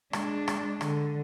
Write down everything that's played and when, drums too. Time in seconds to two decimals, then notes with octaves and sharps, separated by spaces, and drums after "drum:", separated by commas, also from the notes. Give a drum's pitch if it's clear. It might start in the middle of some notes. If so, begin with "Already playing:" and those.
0.13 G#3 D4, drum: rim click
0.48 drum: rim click
0.81 D3, drum: rim click